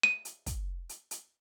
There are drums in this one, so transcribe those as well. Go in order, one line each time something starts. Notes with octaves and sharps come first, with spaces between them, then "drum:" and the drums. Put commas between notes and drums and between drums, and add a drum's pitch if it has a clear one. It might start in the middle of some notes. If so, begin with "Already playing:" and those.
D#7
drum: hi-hat
drum: kick, hi-hat
drum: hi-hat
drum: hi-hat